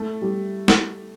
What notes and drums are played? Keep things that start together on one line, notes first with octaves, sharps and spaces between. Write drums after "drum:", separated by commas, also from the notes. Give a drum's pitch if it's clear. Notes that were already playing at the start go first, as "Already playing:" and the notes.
Already playing: A3
G3
drum: snare